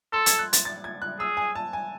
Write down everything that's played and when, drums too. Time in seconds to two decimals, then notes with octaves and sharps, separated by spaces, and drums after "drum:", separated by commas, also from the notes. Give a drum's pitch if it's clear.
0.13 A4 C6
0.26 G#6, drum: hi-hat
0.39 F#6
0.53 A6, drum: hi-hat
0.65 A6
0.84 G#6
1.02 F#6
1.19 G#4 E6
1.37 G#5
1.55 A5
1.73 G#5